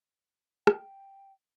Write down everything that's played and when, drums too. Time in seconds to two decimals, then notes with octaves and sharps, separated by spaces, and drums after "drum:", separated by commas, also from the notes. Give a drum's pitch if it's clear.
0.67 G5, drum: rim click